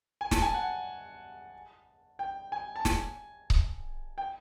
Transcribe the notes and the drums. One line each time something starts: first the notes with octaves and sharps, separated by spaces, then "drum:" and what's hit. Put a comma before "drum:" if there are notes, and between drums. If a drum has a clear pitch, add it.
G#5
A5, drum: snare
G#5
F#5
G5
G#5
A5
G#5, drum: snare
drum: kick C#1
G5